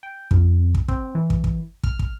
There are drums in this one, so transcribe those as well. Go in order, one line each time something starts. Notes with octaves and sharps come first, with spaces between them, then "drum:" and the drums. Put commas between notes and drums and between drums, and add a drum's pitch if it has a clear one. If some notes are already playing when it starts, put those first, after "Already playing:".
G5
F2, drum: kick
drum: kick
C4, drum: kick
E3
drum: kick
drum: kick
F6, drum: kick
drum: kick